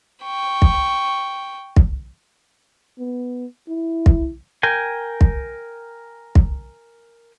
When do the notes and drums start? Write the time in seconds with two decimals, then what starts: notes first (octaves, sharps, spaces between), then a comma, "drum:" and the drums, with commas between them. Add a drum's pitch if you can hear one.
0.23 G5 C#6
0.62 drum: kick
1.76 drum: kick
2.99 B3
3.68 E4
4.06 drum: kick
4.63 A#4 G5 G#5
5.21 drum: kick
6.35 drum: kick